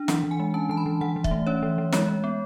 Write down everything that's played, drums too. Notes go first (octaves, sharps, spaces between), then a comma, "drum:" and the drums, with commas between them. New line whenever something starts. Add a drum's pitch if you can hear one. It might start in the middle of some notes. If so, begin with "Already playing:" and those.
Already playing: D4
E3 F#5, drum: snare
E3
G#5
G#3
C#4 A5
E3 A5
B5
E3
E3 F#5
E3
E5, drum: kick
A3
C#4 C#5
E3
E3
G#3 C#5, drum: snare
G#3
B3